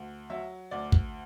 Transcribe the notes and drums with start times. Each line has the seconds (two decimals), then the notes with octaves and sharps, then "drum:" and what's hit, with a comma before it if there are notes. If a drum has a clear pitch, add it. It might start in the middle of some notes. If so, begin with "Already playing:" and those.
Already playing: D2
0.30 F#3 E5
0.71 D2 D5
0.92 drum: kick